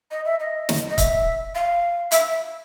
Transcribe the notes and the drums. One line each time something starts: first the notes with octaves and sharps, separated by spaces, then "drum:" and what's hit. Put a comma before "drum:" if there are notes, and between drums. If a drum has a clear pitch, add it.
D#5
E5
D#5
drum: snare
D#5
E5, drum: kick, hi-hat
F5
E5, drum: hi-hat